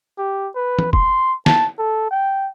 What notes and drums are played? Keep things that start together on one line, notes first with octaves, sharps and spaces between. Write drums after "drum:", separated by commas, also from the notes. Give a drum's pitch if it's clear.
G4
B4
drum: tom
C6, drum: kick
A5, drum: snare
A4
G5